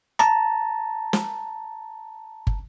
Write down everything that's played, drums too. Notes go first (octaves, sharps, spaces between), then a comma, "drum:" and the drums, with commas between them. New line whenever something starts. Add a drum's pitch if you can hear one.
A5 A#5, drum: rim click
drum: snare
drum: kick